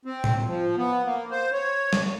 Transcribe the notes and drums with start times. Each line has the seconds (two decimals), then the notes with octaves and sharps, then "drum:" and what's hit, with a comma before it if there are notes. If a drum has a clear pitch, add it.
0.05 C4
0.24 drum: tom A2
0.47 F3
0.76 B3
1.05 A#3
1.31 C5
1.52 C#5
1.93 drum: snare